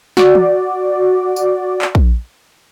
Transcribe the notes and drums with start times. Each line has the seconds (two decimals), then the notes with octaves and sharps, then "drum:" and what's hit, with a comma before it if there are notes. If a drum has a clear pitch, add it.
0.17 F#4 D5, drum: snare
0.35 drum: tom E3
1.36 drum: tambourine
1.82 drum: clap
1.95 drum: kick A#1